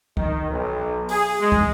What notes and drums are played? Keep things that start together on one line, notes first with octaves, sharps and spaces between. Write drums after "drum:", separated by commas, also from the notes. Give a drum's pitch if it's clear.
D#3, drum: kick
B1
G#4, drum: open hi-hat
G#3
drum: kick